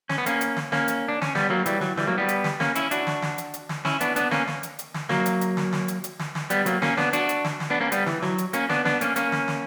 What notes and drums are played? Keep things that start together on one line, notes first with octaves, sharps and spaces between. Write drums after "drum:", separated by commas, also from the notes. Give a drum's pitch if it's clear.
C#4, drum: snare
B3
A#3 C#4, drum: hi-hat
drum: hi-hat
drum: snare
A#3 C#4, drum: snare
drum: hi-hat
D4
C#4, drum: snare
G3 B3, drum: snare
F#3 A#3
E3 G3, drum: hi-hat
F#3, drum: snare
E3 G3, drum: snare
F#3 A#3
G3 B3
drum: hi-hat
drum: snare
A#3 C#4, drum: snare
C#4 E4, drum: hi-hat
D4 F#4, drum: hi-hat
drum: snare
drum: snare
drum: hi-hat
drum: hi-hat
drum: snare
C#4 E4, drum: snare
B3 D4, drum: hi-hat
B3 D4, drum: hi-hat
A#3 C#4, drum: snare
drum: snare
drum: hi-hat
drum: hi-hat
drum: snare
F#3 A#3, drum: snare
drum: hi-hat
drum: hi-hat
drum: snare
drum: snare
drum: hi-hat
drum: hi-hat
drum: snare
drum: snare
G3 B3, drum: hi-hat
F#3 A#3, drum: hi-hat
A#3 C#4, drum: snare
B3 D4, drum: snare
D4 F#4, drum: hi-hat
drum: hi-hat
drum: snare
drum: snare
B3 D4
A#3 C#4
G3 B3, drum: hi-hat
E3, drum: snare
F#3, drum: snare
drum: hi-hat
A#3 C#4, drum: hi-hat
B3 D4, drum: snare
B3 D4, drum: snare
A#3 C#4, drum: hi-hat
A#3 C#4, drum: hi-hat
drum: snare
drum: snare